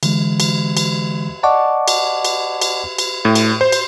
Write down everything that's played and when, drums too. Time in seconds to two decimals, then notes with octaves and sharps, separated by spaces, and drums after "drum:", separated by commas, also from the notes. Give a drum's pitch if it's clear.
0.03 D3 E3 G#3, drum: cymbal
0.40 drum: cymbal
0.77 drum: cymbal
1.43 D5 D#5 F#5 A5 C#6 D6
1.88 drum: cymbal
2.25 drum: cymbal
2.62 drum: cymbal
2.98 drum: cymbal
3.25 A2
3.35 drum: cymbal
3.61 C5
3.72 drum: cymbal